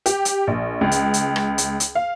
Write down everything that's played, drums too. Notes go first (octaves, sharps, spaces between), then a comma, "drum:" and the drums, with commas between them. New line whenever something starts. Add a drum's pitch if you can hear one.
G4, drum: hi-hat
drum: hi-hat
A#1
C#2
drum: hi-hat
drum: hi-hat
drum: rim click
drum: hi-hat
drum: hi-hat
F5